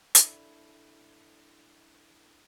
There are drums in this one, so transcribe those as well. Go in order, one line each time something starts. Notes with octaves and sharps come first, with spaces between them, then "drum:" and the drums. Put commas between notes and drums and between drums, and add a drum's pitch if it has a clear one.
D4 E4 A4, drum: hi-hat